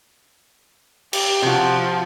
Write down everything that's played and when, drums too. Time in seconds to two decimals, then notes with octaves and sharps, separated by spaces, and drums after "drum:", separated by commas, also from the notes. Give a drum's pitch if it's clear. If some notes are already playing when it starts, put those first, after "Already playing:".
1.13 G4, drum: cymbal
1.42 C3 F3 F#4